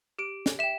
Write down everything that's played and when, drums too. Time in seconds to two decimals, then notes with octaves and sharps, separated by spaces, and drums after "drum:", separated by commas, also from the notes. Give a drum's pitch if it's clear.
0.19 G4 D7
0.46 drum: snare
0.59 E5 G5 E7